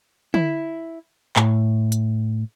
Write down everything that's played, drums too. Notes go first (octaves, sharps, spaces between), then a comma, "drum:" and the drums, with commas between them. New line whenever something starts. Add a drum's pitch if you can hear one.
E4, drum: tom
A2, drum: clap
drum: hi-hat